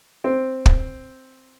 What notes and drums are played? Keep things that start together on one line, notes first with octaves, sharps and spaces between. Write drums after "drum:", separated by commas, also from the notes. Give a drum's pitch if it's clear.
C4
drum: kick